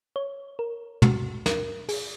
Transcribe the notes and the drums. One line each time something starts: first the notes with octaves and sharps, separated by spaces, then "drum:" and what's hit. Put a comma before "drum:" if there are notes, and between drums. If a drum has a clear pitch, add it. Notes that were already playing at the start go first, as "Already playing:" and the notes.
C#5
A#4
F#4, drum: tom
A#4, drum: snare
G#4, drum: open hi-hat